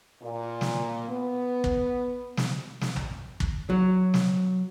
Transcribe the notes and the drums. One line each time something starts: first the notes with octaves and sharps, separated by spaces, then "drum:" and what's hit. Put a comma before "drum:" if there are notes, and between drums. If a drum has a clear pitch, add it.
A#2
drum: snare
B3
drum: kick
drum: snare
drum: snare
drum: tom A#1
drum: kick
F#3
drum: snare